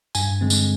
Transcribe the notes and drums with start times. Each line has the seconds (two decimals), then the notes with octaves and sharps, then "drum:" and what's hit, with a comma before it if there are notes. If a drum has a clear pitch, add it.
0.15 G2 G#5, drum: tambourine
0.41 D3 G#3 C4
0.50 drum: tambourine